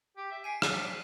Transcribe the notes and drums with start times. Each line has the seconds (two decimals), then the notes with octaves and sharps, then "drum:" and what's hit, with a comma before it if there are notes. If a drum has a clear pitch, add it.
0.17 G4
0.31 E5
0.44 G#5 C7 D7 D#7
0.62 D4 E6 D#7, drum: rim click
0.74 B6